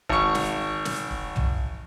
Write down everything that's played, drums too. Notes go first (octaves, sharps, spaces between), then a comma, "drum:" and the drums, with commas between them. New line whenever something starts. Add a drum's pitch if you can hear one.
G#1 C#6, drum: kick E1
drum: snare
drum: snare
drum: kick E1
drum: tom